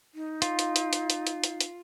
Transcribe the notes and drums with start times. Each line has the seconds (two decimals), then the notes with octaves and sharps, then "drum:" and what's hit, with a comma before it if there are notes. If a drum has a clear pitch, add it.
0.15 D#4
0.42 F4, drum: hi-hat
0.59 drum: hi-hat
0.76 drum: hi-hat
0.93 drum: hi-hat
1.10 drum: hi-hat
1.27 drum: hi-hat
1.44 drum: hi-hat
1.60 drum: hi-hat